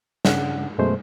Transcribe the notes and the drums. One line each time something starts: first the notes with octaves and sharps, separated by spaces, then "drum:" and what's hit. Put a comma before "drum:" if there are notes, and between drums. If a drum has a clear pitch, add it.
G2 C#3 D4 F#5, drum: snare
F#2 B2 G#3 A3 C5